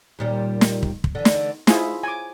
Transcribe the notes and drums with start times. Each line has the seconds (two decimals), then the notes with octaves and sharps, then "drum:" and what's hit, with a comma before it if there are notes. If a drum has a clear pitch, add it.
0.19 D#2 A#2 G3
0.61 drum: snare
0.83 drum: kick
1.04 drum: kick
1.15 D3 E3
1.25 drum: snare
1.67 E4 F4 G#4 C5, drum: snare
2.03 G#5 D6